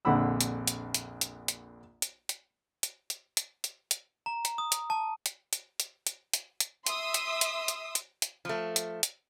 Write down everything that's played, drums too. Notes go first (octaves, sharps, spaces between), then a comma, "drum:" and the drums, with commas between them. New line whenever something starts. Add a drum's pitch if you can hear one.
A#1 F2 D3 F#5 B5 E6
drum: hi-hat
drum: hi-hat
drum: hi-hat
drum: hi-hat
drum: hi-hat
drum: hi-hat
drum: hi-hat
drum: hi-hat
drum: hi-hat
drum: hi-hat
drum: hi-hat
drum: hi-hat
A#5
drum: hi-hat
D#6
drum: hi-hat
A5
drum: hi-hat
drum: hi-hat
drum: hi-hat
drum: hi-hat
drum: hi-hat
drum: hi-hat
E5 C6 D#6 E6, drum: hi-hat
drum: hi-hat
drum: hi-hat
drum: hi-hat
drum: hi-hat
drum: hi-hat
F3 A3
drum: hi-hat
drum: hi-hat